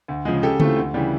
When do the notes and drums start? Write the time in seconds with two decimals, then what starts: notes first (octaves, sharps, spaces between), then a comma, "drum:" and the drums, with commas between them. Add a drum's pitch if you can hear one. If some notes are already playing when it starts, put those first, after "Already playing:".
0.08 D2
0.25 C#3 F3 G#3
0.43 C#3 G4 A4
0.60 E3 A3 C4 F4, drum: tom C#3
0.76 D2
0.94 C#3 E3 G3